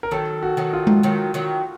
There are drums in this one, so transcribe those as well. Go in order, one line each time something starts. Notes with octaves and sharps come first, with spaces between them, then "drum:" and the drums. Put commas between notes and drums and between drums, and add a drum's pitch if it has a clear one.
A#4
D#3 F#3 A4
F#4
D#3 F#3
F4
drum: tom G#3
D#3 F#3
D#3 F#3